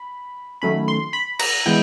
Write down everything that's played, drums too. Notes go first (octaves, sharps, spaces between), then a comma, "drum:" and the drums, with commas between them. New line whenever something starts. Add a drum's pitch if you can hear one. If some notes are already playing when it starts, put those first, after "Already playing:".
Already playing: B5
D#3 F#3 A3 C#4 B5
C6
B5
A#5, drum: cymbal
E3 G#3 B3 E4 G5